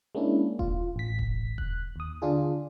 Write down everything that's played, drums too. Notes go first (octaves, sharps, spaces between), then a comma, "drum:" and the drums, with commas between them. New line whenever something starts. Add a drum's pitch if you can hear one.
G#3 A#3 C#4 D4 E4
F4, drum: kick E1
A1 B6
drum: kick E1
F#6, drum: kick E1
D#2 D#6
D3 D4 F4 G#4